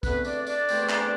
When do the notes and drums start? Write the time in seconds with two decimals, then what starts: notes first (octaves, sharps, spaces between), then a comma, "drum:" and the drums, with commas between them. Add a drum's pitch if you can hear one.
0.03 E2 D3 A3 B3 C4 B4, drum: kick, tambourine
0.25 D4 D5, drum: tambourine
0.47 D4 D5, drum: tambourine
0.69 E2 D3 A3 C4, drum: tambourine
0.90 drum: clap